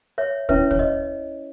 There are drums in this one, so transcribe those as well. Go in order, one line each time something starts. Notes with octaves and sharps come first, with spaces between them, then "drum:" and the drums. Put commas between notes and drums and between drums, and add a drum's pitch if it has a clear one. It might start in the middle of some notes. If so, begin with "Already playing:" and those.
C#5 E5
C#4 E4 B4 C#5 E5, drum: kick
C#5, drum: kick
D#5